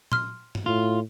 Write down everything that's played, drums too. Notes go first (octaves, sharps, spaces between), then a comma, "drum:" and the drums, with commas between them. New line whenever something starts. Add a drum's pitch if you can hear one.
C6 F6, drum: tom A#2
drum: tom G2
A2 F4